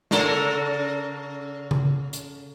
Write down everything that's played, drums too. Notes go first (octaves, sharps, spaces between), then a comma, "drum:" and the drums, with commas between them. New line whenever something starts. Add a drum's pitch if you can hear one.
C#3 A4 A#4, drum: snare
drum: tom C#3
drum: hi-hat